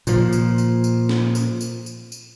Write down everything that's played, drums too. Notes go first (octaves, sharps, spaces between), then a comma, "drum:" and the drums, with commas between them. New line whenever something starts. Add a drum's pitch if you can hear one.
A#2 F3, drum: tambourine
drum: tambourine
drum: tambourine
drum: tambourine
drum: snare
drum: tambourine
drum: tambourine
drum: tambourine
drum: tambourine